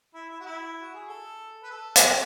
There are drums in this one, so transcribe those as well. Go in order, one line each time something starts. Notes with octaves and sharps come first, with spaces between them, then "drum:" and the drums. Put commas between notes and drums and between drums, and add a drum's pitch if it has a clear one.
E4
E4
F#4
E4
F#4
G#4
A4
B4
A4
drum: hi-hat